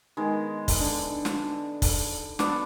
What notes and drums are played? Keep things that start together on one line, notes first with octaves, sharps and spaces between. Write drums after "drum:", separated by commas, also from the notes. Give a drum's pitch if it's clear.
D#3 G#3 B3
drum: kick, open hi-hat
D3
drum: snare
drum: kick, open hi-hat
B3 D4 A4 D6, drum: snare